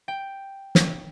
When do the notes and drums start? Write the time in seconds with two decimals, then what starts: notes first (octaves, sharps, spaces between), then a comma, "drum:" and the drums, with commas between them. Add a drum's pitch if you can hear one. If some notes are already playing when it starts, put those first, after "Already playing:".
0.08 G5
0.75 drum: snare